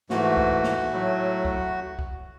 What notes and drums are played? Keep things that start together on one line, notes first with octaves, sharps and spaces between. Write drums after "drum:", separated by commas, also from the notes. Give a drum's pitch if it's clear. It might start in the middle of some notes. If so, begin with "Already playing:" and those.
G#2 E3 A3 F#4, drum: snare
drum: kick
drum: snare
A2 F#3 A3
drum: kick
drum: kick